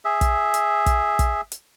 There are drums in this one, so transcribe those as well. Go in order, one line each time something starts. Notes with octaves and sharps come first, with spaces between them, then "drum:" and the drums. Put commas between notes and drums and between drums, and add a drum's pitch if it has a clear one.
G#4 E5
drum: kick, hi-hat
drum: hi-hat
drum: kick, hi-hat
drum: kick, hi-hat
drum: hi-hat